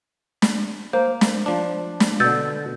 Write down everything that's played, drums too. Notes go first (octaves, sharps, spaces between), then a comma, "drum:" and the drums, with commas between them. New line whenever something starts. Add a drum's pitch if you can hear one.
drum: snare
A#3 C5
drum: snare
F3 D4
drum: snare
B2 D3 E6 G6 A6